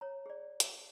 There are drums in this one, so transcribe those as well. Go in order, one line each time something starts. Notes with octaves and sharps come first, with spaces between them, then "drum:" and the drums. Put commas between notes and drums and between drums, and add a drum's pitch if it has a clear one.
C#5 A#5
G#4 D5
drum: hi-hat